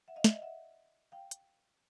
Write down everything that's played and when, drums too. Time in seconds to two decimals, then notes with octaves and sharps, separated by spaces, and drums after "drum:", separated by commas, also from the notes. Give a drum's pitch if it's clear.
0.08 E5 F#5
0.16 D#5 F5
0.24 D5 E5, drum: snare
0.33 D#5 F5
0.42 E5 F#5
1.12 F5 G5
1.31 drum: hi-hat